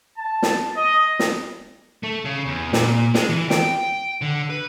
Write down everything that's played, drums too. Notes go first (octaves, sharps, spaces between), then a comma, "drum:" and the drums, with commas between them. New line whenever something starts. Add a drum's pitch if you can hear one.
A5
drum: snare
D#5
drum: snare
A3
C#3
E2
A#2, drum: snare
G#3, drum: snare
E3
G5, drum: snare
D3
B4